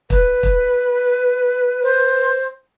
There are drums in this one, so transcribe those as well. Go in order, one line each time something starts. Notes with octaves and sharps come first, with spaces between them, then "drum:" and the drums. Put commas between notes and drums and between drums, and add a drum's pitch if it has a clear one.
B4, drum: kick
drum: kick
C5